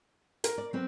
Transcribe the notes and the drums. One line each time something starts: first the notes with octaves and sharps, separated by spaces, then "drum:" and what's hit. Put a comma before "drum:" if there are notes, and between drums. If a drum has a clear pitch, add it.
A#4, drum: hi-hat
D5
F#3 C4 B4